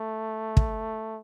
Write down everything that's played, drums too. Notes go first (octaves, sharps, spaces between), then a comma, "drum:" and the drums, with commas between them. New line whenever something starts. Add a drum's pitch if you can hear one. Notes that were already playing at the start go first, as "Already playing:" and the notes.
Already playing: A3
drum: kick